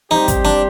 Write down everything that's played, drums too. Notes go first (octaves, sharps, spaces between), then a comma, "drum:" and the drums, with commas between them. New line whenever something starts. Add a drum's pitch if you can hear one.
G3 C4 D#4 G4 C5
drum: kick, hi-hat
D4